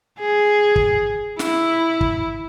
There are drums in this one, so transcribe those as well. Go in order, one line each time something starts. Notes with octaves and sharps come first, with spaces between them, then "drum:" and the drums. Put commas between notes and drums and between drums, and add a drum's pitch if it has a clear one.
G#4
drum: kick
E4, drum: snare
drum: kick